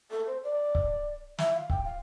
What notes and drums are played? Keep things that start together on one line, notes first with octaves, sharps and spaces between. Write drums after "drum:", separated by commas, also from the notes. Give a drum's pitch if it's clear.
A4
C5
D5
drum: kick C#1
E5, drum: snare
F5
G5, drum: kick C#1
F5